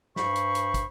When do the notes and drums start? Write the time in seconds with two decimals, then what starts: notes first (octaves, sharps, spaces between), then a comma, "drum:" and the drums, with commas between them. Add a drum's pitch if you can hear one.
0.16 G2 C5 B5 C#6, drum: snare
0.36 drum: hi-hat
0.55 drum: hi-hat
0.74 drum: kick, hi-hat